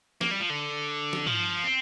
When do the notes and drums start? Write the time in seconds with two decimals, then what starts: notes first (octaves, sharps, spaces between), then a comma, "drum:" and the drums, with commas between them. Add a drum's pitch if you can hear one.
0.21 A#3, drum: snare
0.31 G3
0.40 F3
0.49 D3
1.13 drum: snare
1.26 F3, drum: tom
1.64 C4